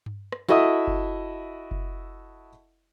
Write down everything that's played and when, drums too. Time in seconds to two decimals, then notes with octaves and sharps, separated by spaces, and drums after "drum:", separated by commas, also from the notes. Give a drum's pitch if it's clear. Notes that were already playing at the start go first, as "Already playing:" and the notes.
0.06 drum: tom G2
0.32 drum: rim click
0.49 E4 F#4 A4 D#5 E5 D#6, drum: snare
0.87 drum: kick F#1
1.71 drum: kick F#1